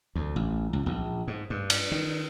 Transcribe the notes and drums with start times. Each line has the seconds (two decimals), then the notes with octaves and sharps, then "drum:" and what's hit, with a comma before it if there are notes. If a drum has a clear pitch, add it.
0.15 D2
0.36 A1
0.73 C#2
0.86 A#1
1.28 G#2
1.50 G2
1.70 drum: cymbal
1.92 D#3